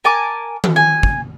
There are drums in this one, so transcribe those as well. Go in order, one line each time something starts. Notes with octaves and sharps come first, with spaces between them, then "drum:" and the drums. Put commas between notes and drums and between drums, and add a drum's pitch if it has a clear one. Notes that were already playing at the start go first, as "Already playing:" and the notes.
A#4 G#5 A5 D6
drum: tom D#3
G#5
drum: kick